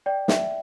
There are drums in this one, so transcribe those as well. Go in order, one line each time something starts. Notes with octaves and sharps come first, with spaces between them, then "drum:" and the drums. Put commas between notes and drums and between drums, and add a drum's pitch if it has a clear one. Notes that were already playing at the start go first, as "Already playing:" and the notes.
D5 G5
E5, drum: snare